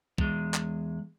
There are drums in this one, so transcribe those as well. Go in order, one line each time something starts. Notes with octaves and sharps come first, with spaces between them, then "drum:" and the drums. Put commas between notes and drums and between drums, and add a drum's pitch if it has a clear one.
E2 G#3, drum: kick
drum: clap